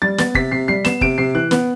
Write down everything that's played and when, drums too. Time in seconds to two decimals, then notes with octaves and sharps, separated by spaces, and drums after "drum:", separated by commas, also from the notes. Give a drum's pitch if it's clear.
0.02 G3 A6
0.18 B3 A6, drum: snare
0.35 C3 B6, drum: kick
0.52 C3 C7
0.68 G3 C7
0.85 B3 E7, drum: snare
1.01 C3 D7, drum: kick
1.18 C3 C7
1.35 E3 F#6
1.51 B3, drum: snare